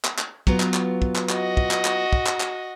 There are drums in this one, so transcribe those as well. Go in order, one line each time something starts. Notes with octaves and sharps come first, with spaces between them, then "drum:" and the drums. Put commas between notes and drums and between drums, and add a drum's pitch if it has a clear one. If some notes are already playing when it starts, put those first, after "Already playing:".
drum: clap
drum: clap
F#3 B3 F4, drum: kick
drum: clap
drum: clap
drum: kick
drum: clap
F#4 D#5, drum: clap
drum: kick
drum: clap
drum: clap
drum: kick
drum: clap
drum: clap